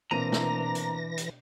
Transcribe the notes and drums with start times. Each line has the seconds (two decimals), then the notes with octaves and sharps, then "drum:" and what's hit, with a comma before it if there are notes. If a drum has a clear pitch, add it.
0.11 B2 E3 A#3 C4 D4 A#5 A#6 D#7
0.32 drum: snare
0.75 drum: hi-hat
1.18 drum: hi-hat